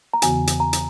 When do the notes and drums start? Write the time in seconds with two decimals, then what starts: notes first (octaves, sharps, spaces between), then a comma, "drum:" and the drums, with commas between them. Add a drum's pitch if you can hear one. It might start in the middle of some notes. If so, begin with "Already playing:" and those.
0.14 A#5
0.22 E2 C#3 E3 B3 F#4 G#5, drum: hi-hat
0.47 drum: hi-hat
0.60 A#5
0.73 drum: hi-hat